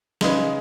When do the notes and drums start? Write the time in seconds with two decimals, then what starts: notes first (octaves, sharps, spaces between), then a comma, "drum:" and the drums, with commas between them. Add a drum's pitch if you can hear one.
0.21 C#3 G#3 D#4 G#4 B4, drum: snare